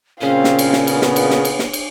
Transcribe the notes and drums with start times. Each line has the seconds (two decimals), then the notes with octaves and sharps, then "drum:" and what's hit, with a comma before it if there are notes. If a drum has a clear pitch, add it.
0.21 A#2 C#3 C4 C#4 F5
0.44 drum: snare
0.59 drum: cymbal
0.73 drum: snare
0.87 B3, drum: cymbal
1.02 drum: snare
1.16 drum: cymbal
1.30 drum: snare
1.45 drum: cymbal
1.59 drum: snare
1.73 drum: cymbal